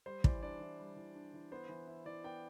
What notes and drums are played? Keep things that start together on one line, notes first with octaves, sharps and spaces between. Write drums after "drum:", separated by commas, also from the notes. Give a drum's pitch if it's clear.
G3 C5
E3 D5, drum: kick
D4 D5
E3
G3
E3
D4
E3
B3 C5
E3
E4
E3 D5
B3 G5